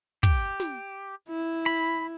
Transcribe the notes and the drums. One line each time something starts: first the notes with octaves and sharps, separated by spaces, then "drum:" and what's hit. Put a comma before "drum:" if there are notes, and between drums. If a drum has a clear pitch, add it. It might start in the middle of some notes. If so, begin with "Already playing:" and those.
G4, drum: kick
drum: snare
E4
B5